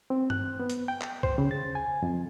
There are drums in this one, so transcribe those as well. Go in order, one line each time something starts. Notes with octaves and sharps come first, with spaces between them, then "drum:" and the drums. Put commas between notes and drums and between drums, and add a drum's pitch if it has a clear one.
C4
F#6, drum: tom G2
B3
drum: hi-hat
G5
drum: clap
C5, drum: kick
C#3
A6
G#5
F2